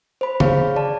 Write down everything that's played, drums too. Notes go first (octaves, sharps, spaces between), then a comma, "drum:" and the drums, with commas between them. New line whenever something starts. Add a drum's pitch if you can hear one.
C5 B5
G#4 C#5 F5, drum: tom C#3
D5 A5